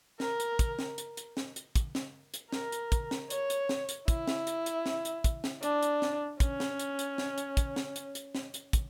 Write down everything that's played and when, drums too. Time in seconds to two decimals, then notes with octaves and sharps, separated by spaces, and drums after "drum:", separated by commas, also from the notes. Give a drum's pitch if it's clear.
0.20 A#4, drum: snare
0.40 drum: hi-hat
0.59 drum: kick, hi-hat
0.79 drum: snare
0.98 drum: hi-hat
1.17 drum: hi-hat
1.37 drum: snare
1.56 drum: hi-hat
1.76 drum: kick, hi-hat
1.95 drum: snare
2.34 drum: hi-hat
2.52 A#4, drum: snare
2.72 drum: hi-hat
2.92 drum: kick, hi-hat
3.11 drum: snare
3.30 C#5, drum: hi-hat
3.50 drum: hi-hat
3.69 drum: snare
3.89 drum: hi-hat
4.08 E4, drum: kick, hi-hat
4.27 drum: snare
4.47 drum: hi-hat
4.66 drum: hi-hat
4.86 drum: snare
5.05 drum: hi-hat
5.24 drum: kick, hi-hat
5.44 drum: snare
5.63 D4, drum: hi-hat
5.83 drum: hi-hat
6.02 drum: snare
6.40 C#4, drum: kick, hi-hat
6.60 drum: snare
6.79 drum: hi-hat
6.99 drum: hi-hat
7.18 drum: snare
7.38 drum: hi-hat
7.57 drum: kick, hi-hat
7.76 drum: snare
7.96 drum: hi-hat
8.15 drum: hi-hat
8.35 drum: snare
8.54 drum: hi-hat
8.73 drum: kick, hi-hat